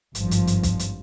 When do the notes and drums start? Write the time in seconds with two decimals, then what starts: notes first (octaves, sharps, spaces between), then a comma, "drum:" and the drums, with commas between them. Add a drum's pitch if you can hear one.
0.15 G#1 G2 F3, drum: hi-hat
0.31 drum: hi-hat
0.47 drum: hi-hat
0.63 drum: kick, hi-hat
0.79 drum: hi-hat